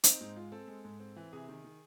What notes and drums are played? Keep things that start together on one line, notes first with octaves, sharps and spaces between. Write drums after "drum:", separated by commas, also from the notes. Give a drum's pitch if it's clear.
C4 D#4, drum: hi-hat
G#2 D#4
G#3 F4
C4 A4
G#3
G#2
C4
E3
C3 G#4
D#3
D#3